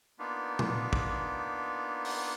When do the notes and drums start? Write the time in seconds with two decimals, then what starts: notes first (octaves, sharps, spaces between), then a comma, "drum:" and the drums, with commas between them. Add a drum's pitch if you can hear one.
0.19 A#3 B3 D4 D#4 F4
0.59 drum: tom A#2
0.93 drum: kick
2.05 drum: open hi-hat